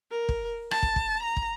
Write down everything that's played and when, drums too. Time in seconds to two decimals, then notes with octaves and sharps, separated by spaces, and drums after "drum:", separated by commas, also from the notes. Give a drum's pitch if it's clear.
0.11 A#4
0.29 drum: kick
0.71 A5, drum: rim click
0.83 drum: kick
0.96 drum: kick
1.23 A#5
1.37 drum: kick